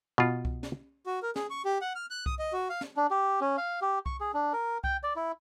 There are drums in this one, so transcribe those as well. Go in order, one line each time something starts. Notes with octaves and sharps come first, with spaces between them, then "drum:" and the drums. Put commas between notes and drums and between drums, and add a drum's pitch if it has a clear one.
B2 F4
drum: kick C2
drum: snare
F#4
A#4
G#4, drum: snare
C#6
G4
F#5
F6
F#6
D#6, drum: kick C2
D#5
F#4
F5
drum: snare
D4
G4
C#4
F5
G4
C#6, drum: kick C2
G#4
D4
A#4
G5, drum: kick C2
D5
E4